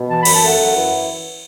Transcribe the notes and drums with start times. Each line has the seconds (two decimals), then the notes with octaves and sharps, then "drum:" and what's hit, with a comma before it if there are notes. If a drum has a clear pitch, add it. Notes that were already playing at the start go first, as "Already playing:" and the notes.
Already playing: B2
0.09 E3 A5
0.21 B5
0.25 F#2, drum: cymbal
0.34 A5
0.43 A3 F#5
0.59 F#2
0.75 E3